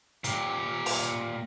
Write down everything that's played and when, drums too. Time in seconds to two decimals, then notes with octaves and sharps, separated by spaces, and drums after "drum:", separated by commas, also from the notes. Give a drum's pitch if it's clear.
0.24 A#2 G4, drum: hi-hat
0.86 drum: open hi-hat